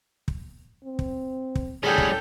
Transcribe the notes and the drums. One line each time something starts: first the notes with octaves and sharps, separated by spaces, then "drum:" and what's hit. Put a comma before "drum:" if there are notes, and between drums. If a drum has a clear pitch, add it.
drum: kick
C4
drum: kick
drum: kick
A2 G3 C#4 G#4 A4 G5
drum: kick